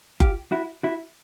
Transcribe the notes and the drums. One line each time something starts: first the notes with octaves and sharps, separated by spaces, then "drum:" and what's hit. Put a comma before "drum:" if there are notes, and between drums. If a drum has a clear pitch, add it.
F4 G4, drum: kick F#1
E4 F#4
E4 F#4